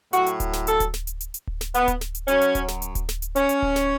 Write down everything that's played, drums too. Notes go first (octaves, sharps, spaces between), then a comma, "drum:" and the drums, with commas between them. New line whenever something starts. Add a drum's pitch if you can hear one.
A2 F#3 F#4, drum: hi-hat
drum: hi-hat
drum: kick D1, hi-hat
drum: snare
A4, drum: hi-hat
drum: kick D1, hi-hat
drum: snare
drum: hi-hat
drum: hi-hat
drum: hi-hat
drum: kick D1
drum: snare
B3, drum: hi-hat
drum: kick D1, hi-hat
drum: snare
drum: hi-hat
F#2 F#3 C#4, drum: hi-hat
drum: hi-hat
drum: kick D1, hi-hat
drum: snare
drum: hi-hat
drum: kick D1, hi-hat
drum: snare
drum: hi-hat
C#4, drum: hi-hat
drum: hi-hat
drum: kick D1
drum: snare